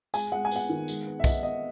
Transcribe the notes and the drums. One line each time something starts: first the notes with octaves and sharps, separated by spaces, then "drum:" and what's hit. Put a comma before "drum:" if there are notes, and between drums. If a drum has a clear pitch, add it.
G#3 G#5, drum: tambourine
G#3 F#5
G#5
B3 F#5, drum: tambourine
D#3
G#3, drum: tambourine
B3
E5
B3 D#5, drum: kick B1, tambourine
B3 D#5